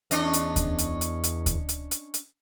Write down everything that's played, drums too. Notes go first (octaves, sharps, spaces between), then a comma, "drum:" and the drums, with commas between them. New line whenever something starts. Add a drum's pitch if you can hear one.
E2 C#4 D4 D#5, drum: hi-hat
drum: hi-hat
drum: kick D2, hi-hat
drum: hi-hat
drum: hi-hat
drum: hi-hat
drum: kick D2, hi-hat
drum: hi-hat
drum: hi-hat
drum: hi-hat